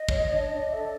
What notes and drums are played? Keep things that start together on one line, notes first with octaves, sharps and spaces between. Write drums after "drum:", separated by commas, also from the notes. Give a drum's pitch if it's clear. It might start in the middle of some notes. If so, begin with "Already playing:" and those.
Already playing: D#5
C#5, drum: kick
D4
D4
A4 E5